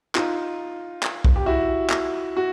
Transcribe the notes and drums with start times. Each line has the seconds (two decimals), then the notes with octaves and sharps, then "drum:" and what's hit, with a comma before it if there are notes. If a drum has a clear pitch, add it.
0.15 D#4 F4, drum: clap
1.03 drum: clap
1.25 drum: kick B1
1.36 G4
1.46 E4 F#4
1.90 drum: clap
2.37 F#4